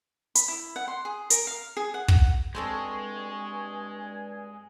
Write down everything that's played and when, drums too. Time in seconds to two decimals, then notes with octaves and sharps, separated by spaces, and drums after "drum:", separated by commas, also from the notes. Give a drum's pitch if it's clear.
0.35 B5, drum: hi-hat
0.48 E4
0.76 F#5
0.88 C6
1.05 G#4
1.30 A#4, drum: hi-hat
1.47 F5
1.77 G#4
1.94 F#5
2.08 F#5, drum: kick
2.55 G2 G#3 C4 A4 C5 G#5 C#6